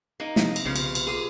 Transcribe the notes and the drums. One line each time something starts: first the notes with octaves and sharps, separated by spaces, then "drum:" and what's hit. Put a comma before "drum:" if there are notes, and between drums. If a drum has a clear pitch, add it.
A#3 D#4
C3 F3 G#3, drum: snare
drum: cymbal
B1 C#3 F3 B3
drum: cymbal
drum: cymbal
A#3 F4 G4 G#4